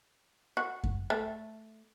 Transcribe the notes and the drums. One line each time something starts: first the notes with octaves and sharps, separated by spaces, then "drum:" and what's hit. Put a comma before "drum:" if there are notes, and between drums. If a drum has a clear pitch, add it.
F#4
drum: kick F#2
A3